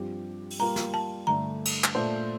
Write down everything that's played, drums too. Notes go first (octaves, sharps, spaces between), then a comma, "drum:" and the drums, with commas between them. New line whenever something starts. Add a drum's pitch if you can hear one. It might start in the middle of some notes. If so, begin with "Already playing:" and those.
Already playing: G2 F3 C4 G4
drum: open hi-hat
G3 A#3 F4 A#4 A#5
drum: snare
A5
G2 D3 A3 A#5
drum: cymbal
drum: clap
A#2 A3 D4 A4 C5